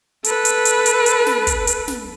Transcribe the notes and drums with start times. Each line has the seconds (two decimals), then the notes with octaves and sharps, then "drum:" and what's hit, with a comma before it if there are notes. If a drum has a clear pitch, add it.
0.24 A4 B4, drum: hi-hat
0.45 drum: hi-hat
0.65 drum: hi-hat
0.86 drum: hi-hat
1.06 drum: hi-hat
1.26 drum: snare
1.47 drum: kick, hi-hat
1.67 drum: hi-hat
1.88 drum: snare